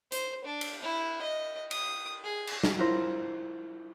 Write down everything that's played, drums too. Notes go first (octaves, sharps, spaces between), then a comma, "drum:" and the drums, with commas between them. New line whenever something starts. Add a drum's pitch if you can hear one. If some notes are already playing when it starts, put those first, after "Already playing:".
C5, drum: hi-hat
D4
drum: cymbal
E4
D#5
D#6, drum: cymbal
G#4
drum: cymbal
drum: snare
E4 F4 A#4 C5